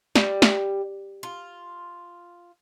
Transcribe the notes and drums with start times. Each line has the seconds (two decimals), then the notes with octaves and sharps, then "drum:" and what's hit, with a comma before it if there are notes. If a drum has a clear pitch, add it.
0.16 G3, drum: snare
0.42 drum: snare
1.23 F4